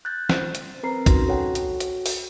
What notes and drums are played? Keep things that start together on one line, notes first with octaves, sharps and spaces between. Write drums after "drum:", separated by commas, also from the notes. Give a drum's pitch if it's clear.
F#6 G6 A6
C5, drum: snare
drum: hi-hat
C4 A#4 B4 A#5 C7
C#4 D#4 F#4 C6 A#6, drum: kick, hi-hat
F#4 A4 C#5 F#5 G5
drum: hi-hat
drum: hi-hat
drum: open hi-hat